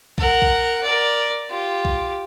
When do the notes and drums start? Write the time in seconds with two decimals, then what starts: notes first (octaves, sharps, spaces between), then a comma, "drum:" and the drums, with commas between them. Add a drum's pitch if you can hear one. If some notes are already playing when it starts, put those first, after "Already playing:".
0.18 A#4 F#5, drum: kick B1
0.42 drum: kick B1
0.83 A#4 D5
1.50 F4 G4
1.85 drum: kick B1